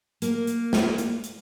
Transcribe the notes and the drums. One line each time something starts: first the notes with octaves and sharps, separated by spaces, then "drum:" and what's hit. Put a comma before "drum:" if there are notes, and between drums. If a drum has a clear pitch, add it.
A#3, drum: hi-hat
drum: hi-hat
drum: snare
drum: hi-hat
drum: hi-hat